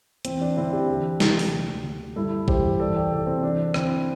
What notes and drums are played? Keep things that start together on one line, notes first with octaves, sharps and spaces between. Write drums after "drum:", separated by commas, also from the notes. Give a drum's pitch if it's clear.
E2 C4, drum: hi-hat
D4
D3 C4 E4
D4 G4
E2
C3 E3, drum: snare
drum: open hi-hat
D2
D3
G2 E4 A4
E3 G4 C5, drum: kick A#1
E2 A4 D5
D5 G5
C3 E3 A4 D5
C4
E2 D4
D3 C4 E4, drum: rim click